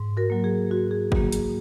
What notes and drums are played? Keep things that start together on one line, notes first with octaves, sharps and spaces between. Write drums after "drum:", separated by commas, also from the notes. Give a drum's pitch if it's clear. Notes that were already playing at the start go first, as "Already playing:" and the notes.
Already playing: G#2
F#4 A#4
F#3 A#3
G#4
G#2 F#4
G#4
F#3 A#3 F#4, drum: kick
G#4, drum: hi-hat